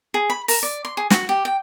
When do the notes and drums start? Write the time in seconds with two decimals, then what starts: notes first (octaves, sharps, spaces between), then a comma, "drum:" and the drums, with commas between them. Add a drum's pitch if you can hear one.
0.14 G#4
0.30 B5
0.48 A#4, drum: open hi-hat
0.63 D5
0.85 C6
0.97 G#4
1.10 F#4, drum: snare
1.29 G4
1.45 G5